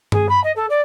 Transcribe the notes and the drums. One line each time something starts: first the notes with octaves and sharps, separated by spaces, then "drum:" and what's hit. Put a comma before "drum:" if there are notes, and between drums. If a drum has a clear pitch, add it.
G#4, drum: tom G2
B5
D#5
A4
D5